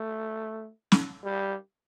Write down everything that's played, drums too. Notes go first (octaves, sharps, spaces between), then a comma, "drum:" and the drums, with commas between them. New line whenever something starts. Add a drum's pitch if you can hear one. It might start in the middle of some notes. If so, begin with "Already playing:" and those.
Already playing: A3
drum: snare
G3